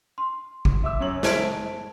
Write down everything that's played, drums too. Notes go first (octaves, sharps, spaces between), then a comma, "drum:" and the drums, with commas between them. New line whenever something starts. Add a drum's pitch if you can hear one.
C6
drum: kick
E5 D6 E6
F#2 C#5 F#7
C5 E5 A5 G#6 B6 D7, drum: snare